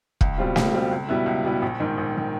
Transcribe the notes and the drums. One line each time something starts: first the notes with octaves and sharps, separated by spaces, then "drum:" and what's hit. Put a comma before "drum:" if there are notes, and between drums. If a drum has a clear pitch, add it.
C#2, drum: kick
B2 G3 C4 F4
C#2, drum: snare
B2 G3 C4 F4
C#2
B2 G3 B3 E4
C#2
B2 G3 B3 E4
A#1
G#2 D#3
A#1
D#3